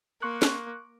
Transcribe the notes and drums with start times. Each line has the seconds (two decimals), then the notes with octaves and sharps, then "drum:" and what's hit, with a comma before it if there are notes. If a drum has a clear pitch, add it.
0.22 A#3 C6 C#6 F#6
0.42 drum: snare